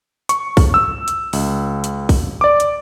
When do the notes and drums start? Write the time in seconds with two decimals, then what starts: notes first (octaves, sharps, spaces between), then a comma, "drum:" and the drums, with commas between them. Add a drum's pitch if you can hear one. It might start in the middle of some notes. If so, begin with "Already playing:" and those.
0.29 C#6, drum: hi-hat
0.57 drum: kick, open hi-hat
0.74 E6
1.08 drum: hi-hat
1.33 C#2, drum: open hi-hat
1.84 drum: hi-hat
2.09 drum: kick, open hi-hat
2.41 D5 D6
2.60 drum: hi-hat